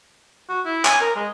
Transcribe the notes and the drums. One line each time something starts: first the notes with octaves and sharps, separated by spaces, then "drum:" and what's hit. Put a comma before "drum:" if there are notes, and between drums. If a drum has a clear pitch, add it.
F#4
E4
G#5, drum: clap
A#4
G#3